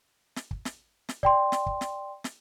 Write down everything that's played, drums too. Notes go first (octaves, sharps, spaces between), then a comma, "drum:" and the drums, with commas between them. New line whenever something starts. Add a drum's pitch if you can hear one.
drum: snare
drum: kick
drum: snare
drum: snare
D5 G5 C6, drum: kick
drum: snare
drum: kick
drum: snare
drum: snare